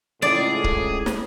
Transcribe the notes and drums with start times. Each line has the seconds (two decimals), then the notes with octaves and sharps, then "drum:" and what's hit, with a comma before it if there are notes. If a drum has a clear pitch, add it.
0.22 C#2 A2 G#4 D5
0.64 drum: kick C#1
1.06 drum: snare